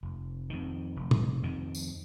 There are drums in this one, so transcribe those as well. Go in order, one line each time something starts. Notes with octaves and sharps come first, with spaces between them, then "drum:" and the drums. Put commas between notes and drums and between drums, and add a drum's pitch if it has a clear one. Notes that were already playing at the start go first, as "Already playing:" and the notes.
F1
F2 D#3
F1
drum: tom
F2 D#3
drum: tambourine